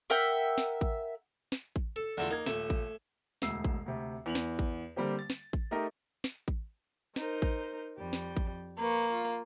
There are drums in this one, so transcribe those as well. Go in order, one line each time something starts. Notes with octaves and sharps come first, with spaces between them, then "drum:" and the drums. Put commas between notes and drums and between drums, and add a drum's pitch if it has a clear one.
A#4 E5 F#5 G5
drum: snare
drum: kick A1
drum: snare
drum: kick A1
A4
E2 D3 A3 F4
A#3 D#4 G#6
D#1 A3, drum: snare
drum: kick A1
E1 D2 E6 C7, drum: snare
drum: kick A1
D2 C3
E2 F7 F#7
drum: snare
drum: kick A1
D3 G3 A#3 C4 G4
A6
drum: snare
drum: kick A1
A3 D#4 G4 A#4 D#5
drum: snare
drum: kick A1
D#4 A#4 C5, drum: snare
drum: kick A1
F2 G3
drum: snare
drum: kick A1
A#3 B4 C#6
F4